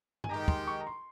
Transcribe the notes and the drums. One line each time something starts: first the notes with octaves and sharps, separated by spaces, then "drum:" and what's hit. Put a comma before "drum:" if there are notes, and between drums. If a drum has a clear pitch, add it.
G#5, drum: tom G2
D#3 G#3 D#4 G4 A#5
C6, drum: kick
C#6
A#5
C6